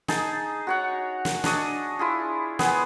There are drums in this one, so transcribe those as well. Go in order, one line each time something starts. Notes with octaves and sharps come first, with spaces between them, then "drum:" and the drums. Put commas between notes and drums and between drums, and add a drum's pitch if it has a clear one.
D#4 G#4 A5, drum: snare
F#4 C#5 F#5
drum: snare
D4 C#5 D#5, drum: snare
E4 F4 G#4
B3 G#4 G#5, drum: snare